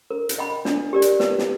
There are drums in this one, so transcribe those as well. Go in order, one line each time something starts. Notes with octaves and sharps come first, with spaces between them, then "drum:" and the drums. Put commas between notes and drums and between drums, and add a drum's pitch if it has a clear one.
A#4
drum: hi-hat
D#5 G5 B5
D4, drum: snare
G4 A#4 D5
drum: hi-hat
B4, drum: snare
drum: snare